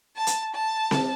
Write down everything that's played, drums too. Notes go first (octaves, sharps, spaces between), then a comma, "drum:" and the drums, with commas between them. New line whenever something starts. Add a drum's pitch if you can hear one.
A5
drum: hi-hat
A5
drum: snare C4